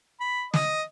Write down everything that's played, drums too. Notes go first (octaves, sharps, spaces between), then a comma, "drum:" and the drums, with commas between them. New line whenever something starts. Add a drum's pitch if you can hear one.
B5
D#5, drum: snare